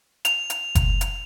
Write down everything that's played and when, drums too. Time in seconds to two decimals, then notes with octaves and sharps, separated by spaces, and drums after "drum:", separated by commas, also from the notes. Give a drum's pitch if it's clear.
0.25 F7, drum: hi-hat
0.50 drum: hi-hat
0.75 drum: kick F#1, hi-hat
1.01 drum: hi-hat